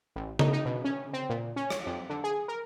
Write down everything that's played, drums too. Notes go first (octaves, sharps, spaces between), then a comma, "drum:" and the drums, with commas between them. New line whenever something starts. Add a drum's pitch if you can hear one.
A1
D#4, drum: tom C#3
D#4
B2
C#4
C4
A#2
C#4
drum: rim click
F2
D3
G#4
A#4